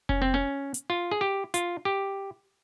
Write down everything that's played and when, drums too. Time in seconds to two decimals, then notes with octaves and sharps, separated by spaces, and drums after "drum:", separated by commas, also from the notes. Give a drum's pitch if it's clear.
0.09 C#4, drum: kick F1
0.22 C4
0.34 C#4
0.74 drum: hi-hat
0.90 F4
1.11 G#4
1.21 G4
1.54 F4, drum: hi-hat
1.85 G4